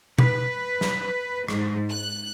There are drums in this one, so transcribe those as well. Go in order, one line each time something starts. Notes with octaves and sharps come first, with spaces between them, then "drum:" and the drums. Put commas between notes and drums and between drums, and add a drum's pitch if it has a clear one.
B4, drum: tom B2
drum: snare
G#2, drum: rim click
F#6